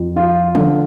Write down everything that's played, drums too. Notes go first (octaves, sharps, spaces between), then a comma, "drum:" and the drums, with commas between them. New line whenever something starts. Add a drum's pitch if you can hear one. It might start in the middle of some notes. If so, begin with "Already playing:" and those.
Already playing: F2
F3 F4
D3, drum: tom